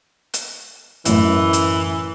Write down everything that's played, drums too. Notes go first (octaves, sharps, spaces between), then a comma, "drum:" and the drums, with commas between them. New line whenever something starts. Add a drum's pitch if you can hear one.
drum: hi-hat
A1 F#2 E3, drum: hi-hat
drum: hi-hat